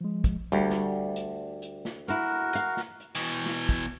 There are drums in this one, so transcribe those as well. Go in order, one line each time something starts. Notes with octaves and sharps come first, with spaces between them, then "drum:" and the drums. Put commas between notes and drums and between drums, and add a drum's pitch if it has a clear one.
F3 G#3
drum: kick, hi-hat
D2 G3 G5
drum: snare
drum: hi-hat
drum: hi-hat
drum: snare
A#3 E4 F#4 A#4, drum: hi-hat
F5, drum: hi-hat
drum: snare
drum: hi-hat
B2 E3
drum: snare
drum: kick